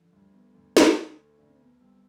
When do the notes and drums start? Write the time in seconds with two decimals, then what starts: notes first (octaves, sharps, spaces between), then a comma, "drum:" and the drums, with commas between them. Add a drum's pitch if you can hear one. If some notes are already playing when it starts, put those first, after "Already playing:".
Already playing: D3 F3
0.13 D2 G3
0.34 A3 B3
0.55 D2
0.77 D2, drum: snare
0.97 A3
1.18 A3
1.38 D2 D4
1.49 C4
1.59 B1 B3
1.81 G3 C4